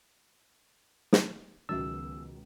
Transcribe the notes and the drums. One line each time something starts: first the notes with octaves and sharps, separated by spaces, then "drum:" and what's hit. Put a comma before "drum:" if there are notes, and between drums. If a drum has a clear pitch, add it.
drum: snare
C#2 B2 D#3 F#3 C#4 F#4 E5 E6